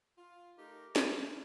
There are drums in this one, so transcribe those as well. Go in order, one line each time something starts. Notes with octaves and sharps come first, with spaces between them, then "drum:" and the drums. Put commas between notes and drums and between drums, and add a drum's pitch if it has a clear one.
F4
A3 D#4 G4 A#4
C3 A3, drum: snare